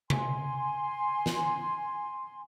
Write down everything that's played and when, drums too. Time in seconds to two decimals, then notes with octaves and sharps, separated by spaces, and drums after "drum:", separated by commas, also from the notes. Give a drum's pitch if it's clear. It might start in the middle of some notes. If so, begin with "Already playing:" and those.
0.10 G#5 C6, drum: tom C3
1.26 drum: snare